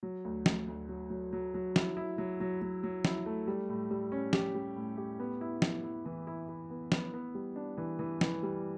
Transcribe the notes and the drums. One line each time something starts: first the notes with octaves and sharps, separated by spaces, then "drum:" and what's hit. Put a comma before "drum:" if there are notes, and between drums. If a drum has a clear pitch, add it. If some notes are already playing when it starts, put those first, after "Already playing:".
F#3
D2
D2, drum: snare
D2
F#3
F#3
F#3
F#3
E4, drum: snare
E4
F#3
F#3
F#3
F#3
E4, drum: snare
A3
G3
A2
G3
C#4
G4, drum: snare
G3
A2
G4
B3
E4
E4, drum: snare
E4
E3
E4
E4
B3
B3, drum: snare
B3
G3
D4
E3
E3
E3, drum: snare
G3